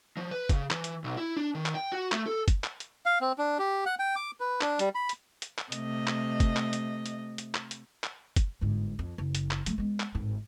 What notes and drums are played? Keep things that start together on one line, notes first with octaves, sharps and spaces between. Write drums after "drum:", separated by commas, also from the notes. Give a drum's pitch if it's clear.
F3
B4
C#3, drum: kick, hi-hat
E3, drum: clap
drum: hi-hat
B1
E4
D4
D#3
drum: clap
G5
F#4
A3, drum: clap
A4
drum: kick, hi-hat
drum: clap
drum: hi-hat
F5
C4
D4
G4
F#5
G5
D6
B4
D4, drum: clap
G3, drum: hi-hat
B5
drum: hi-hat
drum: hi-hat
drum: clap
C3 A3 D#5, drum: hi-hat
drum: clap
drum: kick, hi-hat
drum: clap
drum: hi-hat
drum: hi-hat
drum: hi-hat
drum: clap
drum: hi-hat
drum: clap
drum: kick, hi-hat
G1 G#2
F2
F#1
drum: hi-hat
drum: clap
F#3 A3, drum: hi-hat
G#3 B3
drum: clap
G#1 A2